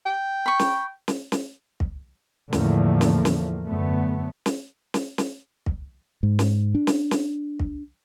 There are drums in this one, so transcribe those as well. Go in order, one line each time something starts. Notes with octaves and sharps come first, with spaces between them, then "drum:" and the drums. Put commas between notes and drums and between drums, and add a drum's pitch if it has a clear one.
G5
B5 C#6
drum: snare
drum: snare
drum: snare
drum: kick
E2 A2 D3 F3 A3 A#3, drum: snare
drum: snare
drum: snare
F#2 D3 A3 B3
drum: snare
drum: snare
drum: snare
drum: kick
G#2
drum: snare
D4
drum: snare
drum: snare
drum: kick